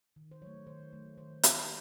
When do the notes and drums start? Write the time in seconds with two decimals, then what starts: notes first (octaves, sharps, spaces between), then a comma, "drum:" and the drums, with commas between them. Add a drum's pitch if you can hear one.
0.16 D#3
0.31 C5
0.42 F#3 A3 C#5
0.67 D#3 C5
0.93 F#3 A3
1.17 D#3 C5
1.43 G#3, drum: hi-hat